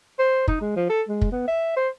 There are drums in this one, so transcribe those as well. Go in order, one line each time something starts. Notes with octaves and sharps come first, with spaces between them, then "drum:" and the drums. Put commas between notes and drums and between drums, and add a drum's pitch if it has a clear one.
C5
D#4, drum: kick
G#3
F3
A4
G#3
drum: kick
B3
E5
C5